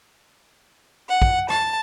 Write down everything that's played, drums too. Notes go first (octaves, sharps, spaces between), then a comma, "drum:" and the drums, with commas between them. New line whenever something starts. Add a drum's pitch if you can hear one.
F#5
drum: kick
A5, drum: rim click